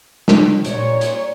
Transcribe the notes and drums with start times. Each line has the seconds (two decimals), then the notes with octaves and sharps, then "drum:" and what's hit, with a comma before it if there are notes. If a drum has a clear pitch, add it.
0.28 drum: snare
0.65 A#2 G3 C#5, drum: hi-hat
1.01 drum: hi-hat